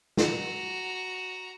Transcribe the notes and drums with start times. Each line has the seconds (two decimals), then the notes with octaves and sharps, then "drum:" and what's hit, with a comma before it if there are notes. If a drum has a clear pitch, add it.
0.17 F#4 A#5, drum: snare